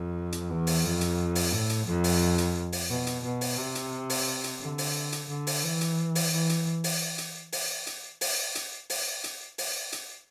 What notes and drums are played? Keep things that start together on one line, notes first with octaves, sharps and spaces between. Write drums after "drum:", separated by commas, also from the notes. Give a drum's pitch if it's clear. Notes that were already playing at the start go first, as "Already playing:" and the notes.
Already playing: F2
drum: hi-hat
E2
drum: open hi-hat
F2
drum: hi-hat
drum: open hi-hat
A2
drum: hi-hat
F2
drum: open hi-hat
drum: hi-hat
drum: open hi-hat
B2
drum: hi-hat
B2
drum: open hi-hat
C3
drum: hi-hat
drum: open hi-hat
drum: hi-hat
D3
drum: open hi-hat
drum: hi-hat
D3
drum: open hi-hat
E3
drum: hi-hat
drum: open hi-hat
E3
drum: hi-hat
drum: open hi-hat
drum: hi-hat
drum: open hi-hat
drum: hi-hat
drum: open hi-hat
drum: hi-hat
drum: open hi-hat
drum: hi-hat
drum: open hi-hat
drum: hi-hat